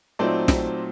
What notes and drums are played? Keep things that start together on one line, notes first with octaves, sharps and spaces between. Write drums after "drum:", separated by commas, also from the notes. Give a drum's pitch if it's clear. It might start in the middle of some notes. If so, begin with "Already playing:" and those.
A#2 F#3 A3 C4 D#4 C5 D5
drum: snare